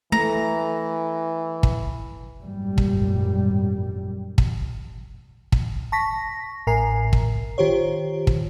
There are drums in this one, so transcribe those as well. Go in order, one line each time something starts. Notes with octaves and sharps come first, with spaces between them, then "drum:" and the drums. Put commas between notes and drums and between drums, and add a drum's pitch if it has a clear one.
E3 A3 A#5
drum: kick
G#1 F#2 A#2 G3
drum: kick
drum: kick
drum: kick
A5 C#6 A#6 B6
A1 A2 A#4 G#5 A#5 C7
drum: kick
D#3 F4 G4 C5 C#5
drum: kick